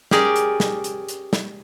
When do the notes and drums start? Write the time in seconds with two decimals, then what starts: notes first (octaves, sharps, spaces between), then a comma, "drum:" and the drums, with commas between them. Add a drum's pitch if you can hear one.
0.11 C#4 G4 G#4 A#4 D5, drum: snare
0.36 drum: hi-hat
0.60 drum: snare
0.84 drum: hi-hat
1.08 drum: hi-hat
1.33 drum: snare